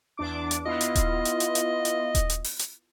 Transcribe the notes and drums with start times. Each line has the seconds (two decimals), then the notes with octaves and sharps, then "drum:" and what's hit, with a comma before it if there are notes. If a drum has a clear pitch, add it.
0.17 E2 D4 D6
0.51 drum: hi-hat
0.66 B3 E4 F4 D#5
0.81 drum: hi-hat
0.95 drum: kick D#1, hi-hat
1.25 drum: hi-hat
1.40 drum: hi-hat
1.55 drum: hi-hat
1.85 drum: hi-hat
2.15 drum: kick D#1, hi-hat
2.30 drum: hi-hat
2.44 drum: open hi-hat
2.59 drum: hi-hat